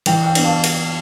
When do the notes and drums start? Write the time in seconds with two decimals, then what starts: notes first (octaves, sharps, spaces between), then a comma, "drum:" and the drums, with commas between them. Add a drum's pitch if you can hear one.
0.06 E3 G5, drum: cymbal
0.26 G5
0.35 B3 D4, drum: cymbal
0.44 F5 A5
0.64 drum: cymbal